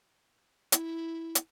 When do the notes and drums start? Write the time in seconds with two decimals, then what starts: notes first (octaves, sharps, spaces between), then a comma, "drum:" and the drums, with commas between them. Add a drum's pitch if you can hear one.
0.72 E4, drum: hi-hat
1.35 drum: hi-hat